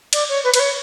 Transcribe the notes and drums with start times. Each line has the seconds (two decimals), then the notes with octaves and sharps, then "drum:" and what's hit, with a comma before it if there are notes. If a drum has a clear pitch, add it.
0.13 D5, drum: cymbal
0.28 C#5
0.43 B4
0.54 B4, drum: cymbal
0.59 C#5